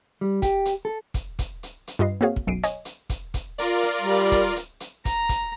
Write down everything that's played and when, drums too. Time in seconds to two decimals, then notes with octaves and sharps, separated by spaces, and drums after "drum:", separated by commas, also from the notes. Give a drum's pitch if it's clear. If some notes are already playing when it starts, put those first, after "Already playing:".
0.21 G3
0.42 G4, drum: kick, hi-hat
0.65 drum: hi-hat
0.85 A4
1.14 drum: kick, hi-hat
1.39 drum: kick, hi-hat
1.63 drum: hi-hat
1.87 drum: hi-hat
1.99 G2 F4 G4 B4 D#5 C7
2.21 A#3 C4 F#4 G#4 C#5 F5
2.36 drum: kick
2.47 B1 F#2 C7 D7 D#7
2.63 C#5 D#5 G#5, drum: hi-hat
2.85 drum: hi-hat
3.10 drum: kick, hi-hat
3.34 drum: kick, hi-hat
3.58 F4 A#4 D5, drum: hi-hat
3.83 drum: hi-hat
4.02 G3
4.32 drum: kick, hi-hat
4.56 drum: hi-hat
4.80 drum: hi-hat
5.05 A#5, drum: kick, hi-hat
5.29 drum: kick, hi-hat